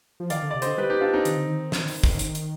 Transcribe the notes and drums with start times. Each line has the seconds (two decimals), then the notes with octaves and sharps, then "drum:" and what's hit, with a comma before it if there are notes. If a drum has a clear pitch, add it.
0.20 F3
0.30 D#3 D5 F5, drum: hi-hat
0.43 D3
0.51 C3 D5
0.62 D3 C5 D#5, drum: hi-hat
0.78 G3 G4 B4
0.90 D#4 G4
1.01 D4 F4
1.13 C4 D#4
1.25 D#3, drum: hi-hat
1.37 D3
1.47 D#3
1.72 drum: snare
1.88 drum: open hi-hat
2.04 drum: kick
2.19 drum: hi-hat
2.35 drum: hi-hat